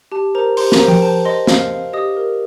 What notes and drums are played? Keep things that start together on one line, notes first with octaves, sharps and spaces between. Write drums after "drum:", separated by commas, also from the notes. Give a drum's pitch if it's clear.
G4 A5
A#4 C5 A#5
G4 C5 C6, drum: open hi-hat
A#4 A#5, drum: snare
C5
G5, drum: tom F3
C5 A5
C5 D#5 C6
C5 F5 F6, drum: snare
F5
G4 D#5 D#6
A#4